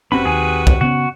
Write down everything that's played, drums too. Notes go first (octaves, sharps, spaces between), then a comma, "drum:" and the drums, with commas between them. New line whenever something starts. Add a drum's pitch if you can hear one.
F#1 C3 C4 C#4 F#4 B4 B5
D#2 G#4 G#5
drum: kick
C#3 B3 C#4 F#4